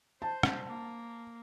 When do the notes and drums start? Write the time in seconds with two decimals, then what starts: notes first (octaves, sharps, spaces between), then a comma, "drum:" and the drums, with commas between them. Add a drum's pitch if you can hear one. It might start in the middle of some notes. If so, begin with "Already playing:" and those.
0.22 C5 A5
0.43 drum: rim click
0.67 A#3